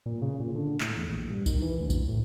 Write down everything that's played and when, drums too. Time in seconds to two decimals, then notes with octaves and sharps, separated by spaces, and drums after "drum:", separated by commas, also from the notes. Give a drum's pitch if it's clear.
0.06 A#2
0.22 C#3
0.40 A#2
0.55 D3
0.81 A2, drum: clap
0.96 E2
1.09 A#1
1.30 G2
1.46 D#3, drum: kick, tambourine
1.62 E3
1.80 D2
1.90 drum: kick, tambourine
2.08 A2